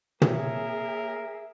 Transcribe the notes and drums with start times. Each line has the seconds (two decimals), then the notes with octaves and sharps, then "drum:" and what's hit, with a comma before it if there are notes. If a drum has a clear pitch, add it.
0.22 A#3 G#4 A#4 C#5 E5, drum: tom